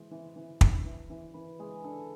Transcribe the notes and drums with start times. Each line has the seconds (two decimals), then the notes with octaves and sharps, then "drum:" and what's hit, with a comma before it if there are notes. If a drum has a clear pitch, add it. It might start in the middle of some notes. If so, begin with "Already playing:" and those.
Already playing: E3 G#3 C5
0.11 E3
0.36 E3
0.61 D4, drum: kick
0.86 E3
1.10 E3
1.34 E3 B4
1.59 G#3 G#4
1.84 D4 A4